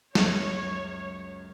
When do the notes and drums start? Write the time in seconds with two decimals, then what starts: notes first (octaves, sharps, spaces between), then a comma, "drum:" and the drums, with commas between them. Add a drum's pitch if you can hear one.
0.15 C#2 F#2 C#5, drum: snare